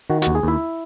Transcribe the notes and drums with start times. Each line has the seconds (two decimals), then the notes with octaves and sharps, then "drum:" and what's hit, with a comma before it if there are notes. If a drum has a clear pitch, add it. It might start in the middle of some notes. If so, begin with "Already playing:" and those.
0.10 D#3 F#4
0.22 D#2 F#4, drum: hi-hat
0.35 G#4
0.43 D#2 E4 E5